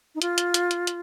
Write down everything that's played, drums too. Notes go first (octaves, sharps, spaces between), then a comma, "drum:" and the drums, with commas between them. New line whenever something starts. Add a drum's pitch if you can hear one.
D#4
F4, drum: hi-hat
drum: hi-hat
drum: hi-hat
drum: hi-hat
drum: hi-hat